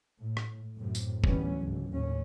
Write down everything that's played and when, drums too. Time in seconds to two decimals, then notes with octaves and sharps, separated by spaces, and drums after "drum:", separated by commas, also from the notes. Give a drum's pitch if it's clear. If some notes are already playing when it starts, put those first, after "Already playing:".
0.18 A2
0.37 drum: rim click
0.76 F#2 A2 C3
0.95 drum: tambourine
1.24 D2 E3 G3 B3 C#4, drum: kick F1
1.58 C#2 G#2 D3 F#3
1.91 D#2 A2 C#4